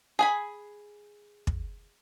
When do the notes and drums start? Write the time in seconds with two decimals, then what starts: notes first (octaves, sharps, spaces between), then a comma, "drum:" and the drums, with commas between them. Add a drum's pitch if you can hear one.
0.19 G#4 G#5 B5
1.47 drum: kick